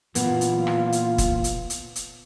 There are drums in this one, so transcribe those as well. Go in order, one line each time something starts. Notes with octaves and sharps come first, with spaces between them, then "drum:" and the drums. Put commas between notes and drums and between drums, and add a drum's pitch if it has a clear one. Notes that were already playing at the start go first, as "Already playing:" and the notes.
A#2 E3 A#3 B3 F4, drum: hi-hat
drum: hi-hat
drum: rim click
drum: hi-hat
drum: kick, hi-hat
drum: hi-hat
drum: hi-hat
drum: hi-hat